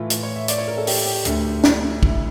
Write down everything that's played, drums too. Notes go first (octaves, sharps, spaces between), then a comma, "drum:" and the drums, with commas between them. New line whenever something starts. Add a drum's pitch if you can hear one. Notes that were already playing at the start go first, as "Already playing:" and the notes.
Already playing: A2 E3 A3 E4 F4
drum: hi-hat
C#5
E5
D5, drum: hi-hat
C#5
A#4
A4
G4, drum: open hi-hat
G4
D2 D3 A3, drum: hi-hat
drum: snare
E4, drum: kick